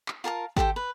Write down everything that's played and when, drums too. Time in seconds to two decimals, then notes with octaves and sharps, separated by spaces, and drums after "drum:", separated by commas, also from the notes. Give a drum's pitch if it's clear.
0.08 drum: clap
0.24 F4 A#4 G#5 A5
0.57 G4 A4 C5 G5, drum: kick G#1
0.76 B4